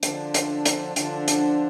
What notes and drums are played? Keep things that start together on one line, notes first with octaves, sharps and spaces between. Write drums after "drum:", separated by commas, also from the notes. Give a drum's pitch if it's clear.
D3 F3 D4, drum: hi-hat
drum: hi-hat
drum: hi-hat
D3 F3 D4, drum: hi-hat
drum: hi-hat